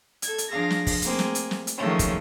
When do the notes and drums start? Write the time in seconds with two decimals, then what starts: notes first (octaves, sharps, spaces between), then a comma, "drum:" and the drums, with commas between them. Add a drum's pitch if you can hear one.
0.22 A4 G#6, drum: hi-hat
0.38 drum: hi-hat
0.51 F3 D4 G#4 F5 A#6
0.70 drum: snare
0.87 drum: kick, open hi-hat
1.02 A3 A#3 C4 G#4, drum: hi-hat
1.19 drum: snare
1.35 drum: hi-hat
1.51 drum: snare
1.67 drum: hi-hat
1.77 D#3 F3 F#3 G#3 A3 C#4
1.99 drum: kick, hi-hat